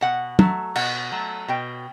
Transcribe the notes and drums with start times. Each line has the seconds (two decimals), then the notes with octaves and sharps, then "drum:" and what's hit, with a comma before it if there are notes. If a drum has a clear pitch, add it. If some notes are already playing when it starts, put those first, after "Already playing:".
0.01 B2 F#5
0.39 F#3 A3, drum: tom
0.75 B2 F#5, drum: cymbal
1.12 F#3 A3
1.48 B2 G5